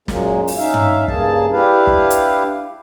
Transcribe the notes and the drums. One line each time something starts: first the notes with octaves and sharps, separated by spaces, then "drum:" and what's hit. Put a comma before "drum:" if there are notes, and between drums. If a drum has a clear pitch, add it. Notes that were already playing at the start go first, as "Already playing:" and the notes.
F#2 A#2 F#3 G#3 A#3, drum: snare
drum: open hi-hat
C#4 D#4 E5 F5
drum: tom
G2 C#3 A#3 G#4 A5, drum: kick
D4 E4 G4 B4 F5
drum: kick
drum: hi-hat